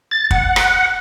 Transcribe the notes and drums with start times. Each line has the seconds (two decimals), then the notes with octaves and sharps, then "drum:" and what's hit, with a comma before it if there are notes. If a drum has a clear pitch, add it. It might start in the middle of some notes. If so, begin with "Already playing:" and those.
0.11 A6
0.31 F#5, drum: kick
0.56 drum: rim click